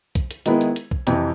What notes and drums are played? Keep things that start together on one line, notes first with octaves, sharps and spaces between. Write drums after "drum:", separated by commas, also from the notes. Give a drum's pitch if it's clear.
drum: kick B1, hi-hat
drum: hi-hat
D#3 G#3 B3 E4, drum: hi-hat
drum: hi-hat
drum: hi-hat
drum: kick B1
F2 C3 E3, drum: hi-hat